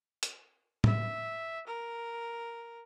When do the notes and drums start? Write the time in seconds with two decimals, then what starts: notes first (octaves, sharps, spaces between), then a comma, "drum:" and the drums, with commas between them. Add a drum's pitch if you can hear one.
0.23 drum: hi-hat
0.84 E5, drum: tom
1.67 A#4